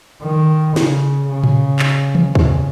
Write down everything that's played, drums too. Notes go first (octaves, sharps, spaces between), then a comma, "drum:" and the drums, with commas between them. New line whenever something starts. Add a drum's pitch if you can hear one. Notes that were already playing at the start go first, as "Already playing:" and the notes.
D#3
C#3, drum: snare
C#3
drum: tom A2
drum: clap
drum: tom D#3
C#3, drum: kick